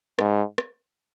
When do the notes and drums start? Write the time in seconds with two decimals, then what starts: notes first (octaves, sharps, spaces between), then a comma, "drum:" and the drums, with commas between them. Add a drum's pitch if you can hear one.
0.19 G#2, drum: rim click
0.58 drum: rim click